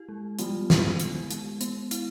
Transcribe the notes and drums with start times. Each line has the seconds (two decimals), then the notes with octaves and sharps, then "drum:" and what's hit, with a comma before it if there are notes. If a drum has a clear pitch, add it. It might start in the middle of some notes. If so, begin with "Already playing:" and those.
Already playing: E4 G4
0.09 G#3
0.39 F3 G3 B3, drum: hi-hat
0.70 E4, drum: snare
1.00 G4, drum: hi-hat
1.31 G#3, drum: hi-hat
1.61 B3, drum: hi-hat
1.91 E4, drum: hi-hat